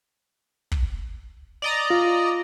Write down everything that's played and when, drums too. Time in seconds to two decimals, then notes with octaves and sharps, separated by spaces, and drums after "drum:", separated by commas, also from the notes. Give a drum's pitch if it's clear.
0.72 drum: kick
1.62 D5 D#5 A#5
1.90 F4